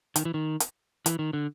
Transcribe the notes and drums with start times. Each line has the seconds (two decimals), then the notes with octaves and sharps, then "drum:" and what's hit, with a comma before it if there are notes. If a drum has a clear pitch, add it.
0.16 D#3, drum: hi-hat
0.25 E3
0.34 D#3
0.60 drum: hi-hat
1.06 E3, drum: hi-hat
1.19 D#3
1.33 D3